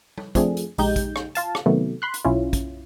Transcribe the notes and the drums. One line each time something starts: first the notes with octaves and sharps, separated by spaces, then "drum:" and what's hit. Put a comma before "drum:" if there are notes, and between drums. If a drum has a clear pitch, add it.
drum: tom G3
F3 A3 C4 D4 G#4, drum: kick, hi-hat
drum: hi-hat
A#1 G#3 D#4 G4 G6, drum: open hi-hat
drum: kick, hi-hat
drum: rim click
F4 F5 A5, drum: hi-hat
drum: rim click
C3 D#3 F#3 A3 B3
B5 C6 F#6
drum: hi-hat
B1 C#4 E4 F4
drum: kick, hi-hat